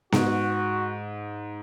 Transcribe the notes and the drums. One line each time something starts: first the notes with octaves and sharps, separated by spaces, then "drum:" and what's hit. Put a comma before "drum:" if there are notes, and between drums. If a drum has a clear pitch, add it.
G#2 F#4, drum: snare B3